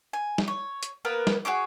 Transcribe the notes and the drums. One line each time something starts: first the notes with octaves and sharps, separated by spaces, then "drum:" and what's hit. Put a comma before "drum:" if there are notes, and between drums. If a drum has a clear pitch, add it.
G#5
drum: snare G3
C#5
drum: hi-hat
A#3 B3 A#4 B4
drum: snare G3
F#4 G#4 C#5 D6